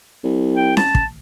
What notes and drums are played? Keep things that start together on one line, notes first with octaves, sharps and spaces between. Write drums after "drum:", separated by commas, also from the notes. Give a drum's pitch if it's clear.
C2
G5
A5, drum: snare C#4
drum: kick